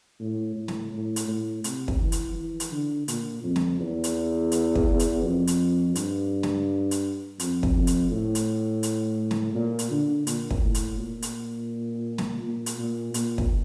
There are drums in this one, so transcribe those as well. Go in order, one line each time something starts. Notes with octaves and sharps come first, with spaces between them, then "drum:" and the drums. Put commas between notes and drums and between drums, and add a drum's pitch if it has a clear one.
A2
A2
drum: snare
A2
drum: hi-hat
A2
C3, drum: hi-hat
drum: kick
E3
drum: hi-hat
E3
drum: hi-hat
D3
A#2, drum: hi-hat
F2
drum: snare
E2
drum: hi-hat
drum: hi-hat
drum: kick
drum: hi-hat
F2
drum: hi-hat
G2, drum: hi-hat
drum: snare
drum: hi-hat
F2, drum: hi-hat
drum: kick
F2
drum: hi-hat
A2
drum: hi-hat
drum: hi-hat
drum: snare
A#2
drum: hi-hat
D3
A#2, drum: hi-hat
drum: kick
A2
drum: hi-hat
A#2
drum: hi-hat
drum: snare
A#2
drum: hi-hat
A#2
A#2, drum: hi-hat
drum: kick